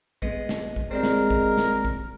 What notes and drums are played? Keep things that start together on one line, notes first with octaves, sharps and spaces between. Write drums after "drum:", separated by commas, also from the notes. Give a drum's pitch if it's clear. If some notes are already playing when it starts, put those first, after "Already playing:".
G#3 B3, drum: kick A1
drum: snare
drum: kick A1
G#3 C4 D4 G4 A#4
drum: snare
drum: kick A1
drum: snare
drum: kick A1